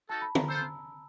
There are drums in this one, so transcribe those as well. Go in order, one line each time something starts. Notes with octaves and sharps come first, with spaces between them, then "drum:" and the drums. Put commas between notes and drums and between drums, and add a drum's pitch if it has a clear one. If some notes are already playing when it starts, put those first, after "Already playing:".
D#4 F#4 A4 A5
B5
A#5, drum: tom
F4 A4 C5 E6